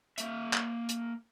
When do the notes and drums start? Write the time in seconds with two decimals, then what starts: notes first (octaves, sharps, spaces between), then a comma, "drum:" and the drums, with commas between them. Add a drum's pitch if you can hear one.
0.18 A#3 E5, drum: hi-hat
0.53 drum: clap
0.89 drum: hi-hat